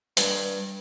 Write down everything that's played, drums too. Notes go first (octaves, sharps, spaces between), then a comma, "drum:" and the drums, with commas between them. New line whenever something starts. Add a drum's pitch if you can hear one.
G2, drum: hi-hat